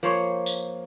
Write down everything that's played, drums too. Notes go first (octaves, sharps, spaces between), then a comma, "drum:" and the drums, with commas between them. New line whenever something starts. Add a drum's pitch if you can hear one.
F3 A#3 C5 C#5
drum: tambourine